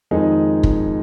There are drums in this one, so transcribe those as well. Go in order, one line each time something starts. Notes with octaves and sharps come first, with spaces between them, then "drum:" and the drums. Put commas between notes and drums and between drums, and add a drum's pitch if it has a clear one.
F2 D#3 G#3 D#4
drum: kick